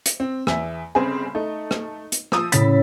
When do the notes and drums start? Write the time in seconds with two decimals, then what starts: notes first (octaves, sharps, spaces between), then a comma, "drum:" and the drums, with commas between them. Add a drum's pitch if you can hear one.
0.06 drum: hi-hat
0.20 C4
0.47 E2 E5, drum: rim click
0.95 G1 C#3 C4 G#4
1.35 A3 D#4
1.71 drum: rim click
2.12 drum: hi-hat
2.32 F3 D#6 E6, drum: rim click
2.52 A2 C#3 A6 B6, drum: hi-hat